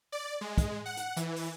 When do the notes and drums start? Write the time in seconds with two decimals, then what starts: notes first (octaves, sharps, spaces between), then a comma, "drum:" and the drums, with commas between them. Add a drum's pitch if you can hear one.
0.12 D5
0.41 G#3
0.58 drum: kick, hi-hat
0.86 F#5
0.97 drum: hi-hat
1.16 E3, drum: hi-hat
1.36 drum: open hi-hat